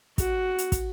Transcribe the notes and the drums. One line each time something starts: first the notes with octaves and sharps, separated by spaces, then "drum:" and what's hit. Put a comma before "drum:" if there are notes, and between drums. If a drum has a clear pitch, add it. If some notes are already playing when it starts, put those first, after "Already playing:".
F#4, drum: kick, hi-hat
drum: hi-hat
drum: kick, hi-hat